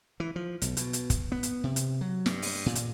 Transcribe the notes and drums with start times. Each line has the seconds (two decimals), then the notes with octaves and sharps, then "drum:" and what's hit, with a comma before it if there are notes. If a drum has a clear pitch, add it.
0.20 E3
0.36 F3
0.62 B1, drum: hi-hat
0.77 B2, drum: hi-hat
0.93 drum: hi-hat
1.10 drum: kick, hi-hat
1.32 B3
1.43 drum: hi-hat
1.64 C3
1.76 drum: hi-hat
2.01 F#3
2.26 G2, drum: snare
2.42 drum: open hi-hat
2.66 A#2
2.75 drum: hi-hat